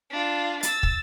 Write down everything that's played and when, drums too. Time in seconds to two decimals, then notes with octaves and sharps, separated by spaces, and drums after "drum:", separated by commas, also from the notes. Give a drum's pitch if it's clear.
0.11 D4 F4
0.63 E6 A6, drum: hi-hat
0.83 drum: kick